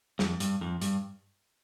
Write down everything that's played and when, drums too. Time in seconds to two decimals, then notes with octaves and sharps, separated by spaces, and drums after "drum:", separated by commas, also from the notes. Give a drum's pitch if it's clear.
0.19 F2, drum: snare
0.40 G2, drum: hi-hat
0.61 F2
0.82 G2, drum: hi-hat